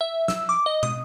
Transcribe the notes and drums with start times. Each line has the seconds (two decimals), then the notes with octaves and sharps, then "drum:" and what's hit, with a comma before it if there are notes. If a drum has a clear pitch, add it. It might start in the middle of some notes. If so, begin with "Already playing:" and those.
0.01 E5
0.28 E6, drum: snare
0.49 D6
0.66 D#5
0.83 D#6, drum: tom